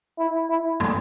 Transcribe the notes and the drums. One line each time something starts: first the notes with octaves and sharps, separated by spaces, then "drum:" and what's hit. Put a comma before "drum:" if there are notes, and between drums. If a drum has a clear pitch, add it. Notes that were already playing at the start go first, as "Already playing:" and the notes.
E4
E4
drum: tom